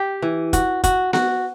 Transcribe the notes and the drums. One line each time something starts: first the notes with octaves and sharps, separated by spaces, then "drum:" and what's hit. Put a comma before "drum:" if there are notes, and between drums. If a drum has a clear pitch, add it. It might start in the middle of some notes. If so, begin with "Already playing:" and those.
Already playing: G4
E3
F#4, drum: kick, hi-hat
F#4, drum: kick, hi-hat
F#4, drum: snare B3